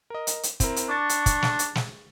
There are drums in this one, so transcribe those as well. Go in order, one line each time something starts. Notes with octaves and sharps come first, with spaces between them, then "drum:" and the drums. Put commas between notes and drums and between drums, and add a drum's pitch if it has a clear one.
A#4 D#5
drum: hi-hat
drum: hi-hat
C4 E4 A#4, drum: kick, hi-hat
drum: hi-hat
D4 C#6 D6 A6
drum: hi-hat
drum: kick, hi-hat
drum: snare
drum: hi-hat
drum: snare